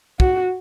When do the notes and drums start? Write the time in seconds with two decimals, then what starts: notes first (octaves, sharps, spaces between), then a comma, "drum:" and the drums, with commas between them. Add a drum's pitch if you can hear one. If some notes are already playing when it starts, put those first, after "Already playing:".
0.20 F#4, drum: kick